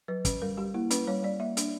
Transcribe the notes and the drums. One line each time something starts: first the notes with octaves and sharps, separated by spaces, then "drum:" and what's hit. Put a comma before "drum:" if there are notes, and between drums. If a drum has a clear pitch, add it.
F#3 B4
C#4 B4, drum: kick, hi-hat
G3 A#4
G3 G4
A#3 E4
C#4 B4, drum: hi-hat
G3 C#5
G3 D5
A#3 E5
D4, drum: hi-hat